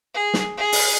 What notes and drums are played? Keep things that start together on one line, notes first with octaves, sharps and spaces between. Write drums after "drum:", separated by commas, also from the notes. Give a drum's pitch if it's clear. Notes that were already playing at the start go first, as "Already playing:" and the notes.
G#4
drum: snare
G#4
drum: open hi-hat